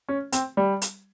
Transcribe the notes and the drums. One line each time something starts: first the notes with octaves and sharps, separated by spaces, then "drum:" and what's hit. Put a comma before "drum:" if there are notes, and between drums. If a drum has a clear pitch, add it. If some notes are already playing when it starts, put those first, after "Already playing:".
C#4
C4, drum: hi-hat
G3
drum: hi-hat